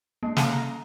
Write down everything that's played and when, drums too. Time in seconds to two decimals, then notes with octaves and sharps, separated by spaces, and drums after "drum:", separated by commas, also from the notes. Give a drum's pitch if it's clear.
0.23 G#3 A#3 D4
0.37 C#4 A4 F5, drum: snare
0.53 A#5